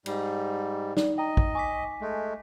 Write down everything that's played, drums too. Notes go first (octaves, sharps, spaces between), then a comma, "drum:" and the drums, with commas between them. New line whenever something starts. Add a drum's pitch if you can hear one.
G#2 G3, drum: cymbal
D#4 D5, drum: snare
D#5 G5 A#5
drum: kick
G#5 C#6 D6 B6
G#3 A3